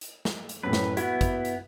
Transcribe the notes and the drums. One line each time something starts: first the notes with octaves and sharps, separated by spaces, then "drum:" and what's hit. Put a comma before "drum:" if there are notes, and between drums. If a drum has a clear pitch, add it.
drum: hi-hat
drum: snare
drum: hi-hat
F#2 A2 B4
drum: snare
B3 E4 F#4, drum: hi-hat
drum: kick, hi-hat
drum: hi-hat